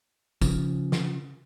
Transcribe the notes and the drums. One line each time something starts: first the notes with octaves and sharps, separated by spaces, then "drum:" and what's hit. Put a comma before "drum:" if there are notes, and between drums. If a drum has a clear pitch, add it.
C#3 F3, drum: kick, tambourine
drum: snare